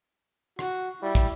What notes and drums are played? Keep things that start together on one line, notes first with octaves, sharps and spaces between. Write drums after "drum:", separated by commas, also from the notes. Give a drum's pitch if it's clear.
F#4, drum: rim click
G3 E4
drum: kick, hi-hat